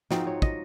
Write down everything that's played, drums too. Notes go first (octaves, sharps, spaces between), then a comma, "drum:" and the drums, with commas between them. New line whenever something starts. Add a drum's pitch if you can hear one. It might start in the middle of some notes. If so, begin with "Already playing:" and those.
G#2 F3 C4 D#4 F#4, drum: snare
C#5
D#5, drum: kick